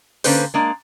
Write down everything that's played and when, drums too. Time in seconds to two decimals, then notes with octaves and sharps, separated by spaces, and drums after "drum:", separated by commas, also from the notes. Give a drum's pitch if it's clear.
0.24 D3 A#3 C#4 B4 C5, drum: open hi-hat
0.54 G#3 A#3 D4